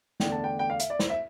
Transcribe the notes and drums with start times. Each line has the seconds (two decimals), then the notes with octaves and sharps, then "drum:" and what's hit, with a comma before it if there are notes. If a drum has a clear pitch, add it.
0.20 E2 D3 A3 D4 G5, drum: snare
0.32 A5
0.44 G5
0.59 G5
0.70 F5
0.79 E5, drum: hi-hat
0.90 D5
0.99 C5, drum: snare
1.10 E5